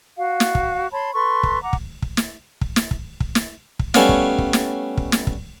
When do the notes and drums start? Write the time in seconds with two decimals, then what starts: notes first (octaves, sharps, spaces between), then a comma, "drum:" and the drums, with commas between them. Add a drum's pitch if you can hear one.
0.17 F#4 F5
0.40 drum: snare
0.55 drum: kick
0.92 C#5 A5 B5 C6
1.14 A4 B4 C6 C#6
1.43 drum: kick
1.62 F#5 A#5 D6
1.73 drum: kick
2.02 drum: kick
2.17 drum: snare
2.61 drum: kick
2.76 drum: snare
2.91 drum: kick
3.20 drum: kick
3.35 drum: snare
3.79 drum: kick
3.94 G3 A3 B3 C#4 C#5 F5, drum: snare
4.09 drum: kick
4.38 drum: kick
4.53 drum: snare
4.97 drum: kick
5.12 drum: snare
5.27 drum: kick